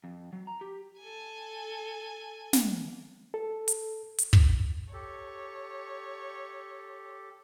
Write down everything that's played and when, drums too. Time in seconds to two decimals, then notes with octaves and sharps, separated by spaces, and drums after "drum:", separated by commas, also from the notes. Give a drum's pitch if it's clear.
0.04 F2
0.33 F#3
0.47 A#5
0.61 G4
0.99 A4 G#5
2.53 drum: snare
3.34 A4
3.68 drum: hi-hat
4.18 drum: hi-hat
4.33 drum: kick
4.93 G4 A4 C#5